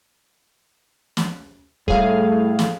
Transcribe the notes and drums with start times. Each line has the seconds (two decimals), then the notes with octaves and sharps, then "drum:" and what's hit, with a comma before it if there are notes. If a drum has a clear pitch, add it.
1.17 drum: snare
1.88 A2 G3 G#4 F5, drum: kick
2.59 drum: snare